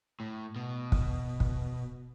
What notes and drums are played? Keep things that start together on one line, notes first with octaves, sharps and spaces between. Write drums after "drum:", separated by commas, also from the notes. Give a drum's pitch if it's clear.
A2
B2
drum: kick
drum: kick